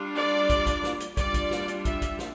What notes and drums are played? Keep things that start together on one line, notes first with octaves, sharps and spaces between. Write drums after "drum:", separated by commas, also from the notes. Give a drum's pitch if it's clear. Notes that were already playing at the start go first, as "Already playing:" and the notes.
Already playing: G3 D4 F4
D5
drum: kick, hi-hat
drum: kick, hi-hat
drum: snare
drum: hi-hat
G3 D4 F4 D5, drum: kick, hi-hat
drum: kick, hi-hat
drum: snare
drum: hi-hat
E5, drum: kick, hi-hat
drum: kick, hi-hat
drum: snare